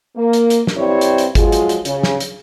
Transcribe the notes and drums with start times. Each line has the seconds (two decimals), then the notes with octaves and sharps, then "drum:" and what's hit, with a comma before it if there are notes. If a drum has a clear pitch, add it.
0.16 A#3
0.33 drum: hi-hat
0.50 drum: hi-hat
0.67 drum: snare
0.77 G2 C4 E4 G4 C#5 D5
1.01 drum: hi-hat
1.18 drum: hi-hat
1.35 F3 F#3 G#3 F4 G#4, drum: kick G1, hi-hat
1.52 drum: hi-hat
1.69 drum: hi-hat
1.85 C#3, drum: hi-hat
2.03 drum: snare
2.20 drum: hi-hat